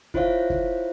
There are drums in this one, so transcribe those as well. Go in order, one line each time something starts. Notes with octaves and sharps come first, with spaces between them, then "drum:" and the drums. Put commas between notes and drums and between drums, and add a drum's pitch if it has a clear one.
E4 F4 C5 C#5 E5 F5, drum: kick
drum: kick